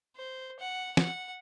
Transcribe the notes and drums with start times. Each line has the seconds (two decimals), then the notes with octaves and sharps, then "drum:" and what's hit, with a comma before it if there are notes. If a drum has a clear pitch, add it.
0.16 C5
0.59 F#5
0.97 F#5, drum: snare